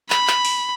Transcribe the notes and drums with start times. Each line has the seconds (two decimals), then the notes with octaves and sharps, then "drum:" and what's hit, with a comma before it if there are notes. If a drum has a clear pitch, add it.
0.10 B5, drum: clap
0.27 drum: clap
0.45 drum: open hi-hat